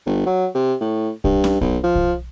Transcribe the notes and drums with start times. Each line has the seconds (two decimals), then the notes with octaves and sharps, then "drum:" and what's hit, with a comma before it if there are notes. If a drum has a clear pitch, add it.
0.06 G1
0.26 F#3
0.55 C3
0.81 A2
1.24 G2, drum: kick B1
1.44 drum: snare C#4
1.61 B1, drum: kick B1
1.84 F3
1.95 drum: kick B1